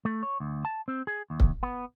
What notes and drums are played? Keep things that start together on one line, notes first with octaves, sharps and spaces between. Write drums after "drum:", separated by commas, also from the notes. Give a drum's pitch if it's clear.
A3
C#5
D2
A5
C4
G#4
D#2
drum: kick C#1
B3